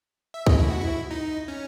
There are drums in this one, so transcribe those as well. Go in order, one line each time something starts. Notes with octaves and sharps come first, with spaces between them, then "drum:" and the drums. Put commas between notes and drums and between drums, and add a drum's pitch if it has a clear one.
E5
D#5, drum: kick C2
E4
F#4
E4
D#4
C#4